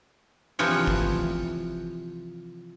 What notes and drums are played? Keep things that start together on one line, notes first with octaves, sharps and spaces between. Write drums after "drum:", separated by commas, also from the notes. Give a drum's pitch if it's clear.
C3 E3 F3 C#5, drum: open hi-hat
drum: kick